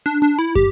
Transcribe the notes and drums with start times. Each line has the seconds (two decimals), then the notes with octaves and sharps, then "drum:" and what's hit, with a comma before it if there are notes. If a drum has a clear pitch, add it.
0.06 D4
0.22 D4
0.39 E4
0.55 G4, drum: kick